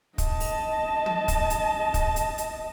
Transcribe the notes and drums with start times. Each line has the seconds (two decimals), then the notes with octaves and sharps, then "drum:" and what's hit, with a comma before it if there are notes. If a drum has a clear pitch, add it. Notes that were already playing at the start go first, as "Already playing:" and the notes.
0.18 D#5 A5, drum: kick, hi-hat
0.40 drum: open hi-hat
1.06 drum: tom
1.28 drum: kick, hi-hat
1.50 drum: hi-hat
1.94 drum: kick, hi-hat
2.16 drum: hi-hat
2.38 drum: hi-hat